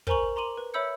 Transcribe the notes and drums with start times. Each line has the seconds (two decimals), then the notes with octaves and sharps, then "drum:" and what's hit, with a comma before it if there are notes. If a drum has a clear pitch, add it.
0.07 A#4 C5 G#5 A#5 C#6 F#7, drum: kick
0.36 A#5 C6 D6 D#7 F#7
0.57 B4
0.74 C#5 E5 B5 E6 G6 C#7